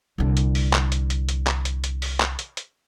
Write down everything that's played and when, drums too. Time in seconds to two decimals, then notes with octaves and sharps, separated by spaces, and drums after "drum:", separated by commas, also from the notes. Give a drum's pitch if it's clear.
0.18 C2 D3
0.37 drum: hi-hat
0.55 drum: open hi-hat
0.73 drum: clap
0.92 drum: hi-hat
1.10 drum: hi-hat
1.29 drum: hi-hat
1.47 drum: clap
1.65 drum: hi-hat
1.84 drum: hi-hat
2.02 drum: open hi-hat
2.20 drum: clap
2.39 drum: hi-hat
2.57 drum: hi-hat